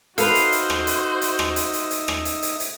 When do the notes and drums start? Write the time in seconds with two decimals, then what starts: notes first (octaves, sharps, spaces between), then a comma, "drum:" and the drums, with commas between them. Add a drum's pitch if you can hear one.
0.18 D#4 F#4 A4 B4 C5 E5 F5, drum: hi-hat
0.35 drum: hi-hat
0.52 drum: hi-hat
0.70 drum: rim click
0.87 drum: hi-hat
1.22 drum: hi-hat
1.39 drum: rim click
1.56 drum: hi-hat
1.73 drum: hi-hat
1.91 drum: hi-hat
2.08 drum: rim click
2.25 drum: hi-hat
2.43 drum: hi-hat
2.60 drum: hi-hat